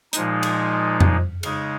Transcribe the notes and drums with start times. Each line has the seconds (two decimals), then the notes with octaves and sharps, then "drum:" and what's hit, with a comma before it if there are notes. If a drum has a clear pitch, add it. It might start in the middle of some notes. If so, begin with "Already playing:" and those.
0.13 A#2 F3 G#3 D#4, drum: hi-hat
0.43 drum: cymbal
1.01 drum: tom F2
1.43 C#3 G#3 D#4, drum: cymbal